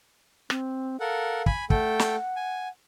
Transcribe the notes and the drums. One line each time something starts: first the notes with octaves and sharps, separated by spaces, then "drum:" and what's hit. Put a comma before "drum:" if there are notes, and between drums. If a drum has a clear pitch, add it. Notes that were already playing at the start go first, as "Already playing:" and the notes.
C4, drum: rim click
A4 A#4 F5 F#5
G#5 B5, drum: kick
A3 A4 F#5 G5, drum: kick
drum: snare
G#5